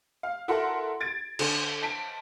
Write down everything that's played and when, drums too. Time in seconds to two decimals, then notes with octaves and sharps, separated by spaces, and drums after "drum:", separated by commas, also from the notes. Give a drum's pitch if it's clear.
0.23 F5
0.48 E4 F#4 A4 A#4 F#5 C6
1.00 G#6 A6 D7
1.39 D3, drum: cymbal
1.83 A5 B6 D7